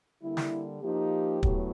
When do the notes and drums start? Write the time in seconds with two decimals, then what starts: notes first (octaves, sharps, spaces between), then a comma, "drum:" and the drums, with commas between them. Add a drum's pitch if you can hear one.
0.22 D3 G3 A#3 E4
0.37 drum: snare
0.82 F3 A#3 D#4 G4
1.43 A2 F#3 B3, drum: kick